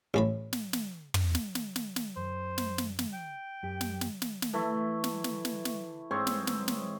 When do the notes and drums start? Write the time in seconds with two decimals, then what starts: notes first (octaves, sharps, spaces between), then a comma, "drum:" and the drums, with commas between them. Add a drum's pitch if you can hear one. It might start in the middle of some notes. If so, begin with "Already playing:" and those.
0.14 A1 A2 B5
0.53 drum: snare
0.73 drum: snare
1.14 drum: tom
1.35 drum: snare
1.55 drum: snare
1.76 drum: snare
1.96 drum: snare
2.17 F#2 C5
2.58 drum: snare
2.78 drum: snare
2.99 drum: snare
3.13 G5
3.63 F#2 G4
3.81 drum: snare
4.01 drum: snare
4.22 drum: snare
4.42 drum: snare
4.53 E3 A3
5.04 drum: snare
5.24 drum: snare
5.45 drum: snare
5.65 drum: snare
6.11 G#2 C4 G#4 C#5
6.27 drum: snare
6.47 drum: snare
6.68 drum: snare